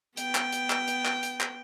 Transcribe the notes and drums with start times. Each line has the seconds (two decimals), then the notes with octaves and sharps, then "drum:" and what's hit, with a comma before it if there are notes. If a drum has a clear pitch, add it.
0.17 B3 G5, drum: hi-hat
0.35 drum: clap
0.52 drum: hi-hat
0.70 drum: clap
0.88 drum: hi-hat
1.05 drum: clap
1.23 drum: hi-hat
1.41 drum: clap